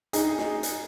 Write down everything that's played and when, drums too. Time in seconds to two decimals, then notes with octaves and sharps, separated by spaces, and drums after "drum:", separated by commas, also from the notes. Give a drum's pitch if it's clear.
0.13 D#4 G#4, drum: hi-hat
0.38 drum: snare
0.63 drum: hi-hat